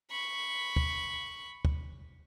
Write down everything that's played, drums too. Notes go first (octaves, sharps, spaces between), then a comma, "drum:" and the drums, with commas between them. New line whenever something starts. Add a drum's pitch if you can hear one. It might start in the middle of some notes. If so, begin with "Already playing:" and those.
B5 C#6
drum: kick
drum: kick